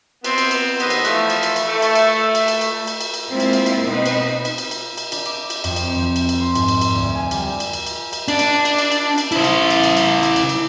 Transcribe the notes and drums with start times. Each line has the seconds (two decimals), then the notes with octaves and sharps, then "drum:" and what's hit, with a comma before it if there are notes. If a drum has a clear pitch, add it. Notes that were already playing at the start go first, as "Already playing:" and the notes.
0.24 B3 C4, drum: cymbal
0.38 drum: cymbal
0.51 drum: cymbal
0.80 D#2 B3 B4 C5 D#5, drum: cymbal
0.90 drum: cymbal
1.05 E3 F3 A3, drum: cymbal
1.30 drum: cymbal
1.43 drum: cymbal
1.56 drum: cymbal
1.68 A3
1.82 drum: cymbal
1.95 drum: cymbal
2.35 drum: cymbal
2.48 drum: cymbal
2.61 drum: cymbal
2.87 drum: cymbal
3.01 drum: cymbal
3.14 drum: cymbal
3.29 G#3 A#3 C4 E4 F4
3.40 drum: cymbal
3.53 drum: cymbal
3.66 drum: cymbal
3.84 B2 C4 D#4 B4
4.06 drum: cymbal
4.45 drum: cymbal
4.58 drum: cymbal
4.71 drum: cymbal
4.98 drum: cymbal
5.12 D4, drum: cymbal
5.26 D6, drum: cymbal
5.50 drum: cymbal
5.64 F2, drum: cymbal
5.76 drum: cymbal
5.95 F3
6.16 drum: cymbal
6.29 drum: cymbal
6.41 C6
6.55 G#2, drum: cymbal
6.68 drum: cymbal
6.81 drum: cymbal
6.95 D2
7.15 G#5
7.31 G3, drum: cymbal
7.60 drum: cymbal
7.73 drum: cymbal
7.87 drum: cymbal
8.13 drum: cymbal
8.28 D4, drum: cymbal
8.39 drum: cymbal
8.65 drum: cymbal
8.78 drum: cymbal
8.92 drum: cymbal
9.18 drum: cymbal
9.32 E4 C5, drum: cymbal
9.44 drum: cymbal
9.70 drum: cymbal
9.84 drum: cymbal
9.97 drum: cymbal
10.23 drum: cymbal
10.36 drum: cymbal
10.49 drum: cymbal